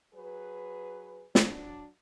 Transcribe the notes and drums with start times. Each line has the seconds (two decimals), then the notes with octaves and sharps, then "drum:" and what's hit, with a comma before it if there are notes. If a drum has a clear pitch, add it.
0.14 F#3 G#4 B4
1.35 F#3 D4, drum: snare